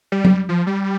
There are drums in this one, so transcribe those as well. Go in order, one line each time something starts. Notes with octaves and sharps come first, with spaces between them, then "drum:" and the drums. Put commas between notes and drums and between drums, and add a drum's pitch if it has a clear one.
G3
drum: tom F#3
F3
G3